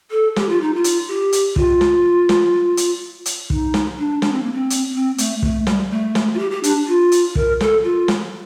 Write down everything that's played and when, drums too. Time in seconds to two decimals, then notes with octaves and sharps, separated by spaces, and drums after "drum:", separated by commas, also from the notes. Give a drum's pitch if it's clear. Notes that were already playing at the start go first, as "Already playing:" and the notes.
0.11 A4
0.36 G4, drum: snare
0.49 F4
0.62 D#4
0.75 F4
0.84 drum: hi-hat
1.08 G4
1.32 drum: hi-hat
1.56 F4, drum: kick
1.81 drum: snare
2.29 drum: snare
2.77 drum: hi-hat
3.26 drum: hi-hat
3.50 D#4, drum: kick
3.74 drum: snare
3.98 D4
4.22 D4, drum: snare
4.32 C4
4.43 A#3
4.52 C4
4.70 drum: hi-hat
4.91 D4
4.94 C4
5.18 A3, drum: hi-hat
5.43 A3, drum: kick
5.67 G3, drum: snare
5.91 A3
6.15 drum: snare
6.34 F4
6.39 G4
6.51 G4
6.64 D4, drum: hi-hat
6.88 F4
7.12 drum: hi-hat
7.35 A#4, drum: kick
7.60 A4, drum: snare
7.84 F4
8.08 drum: snare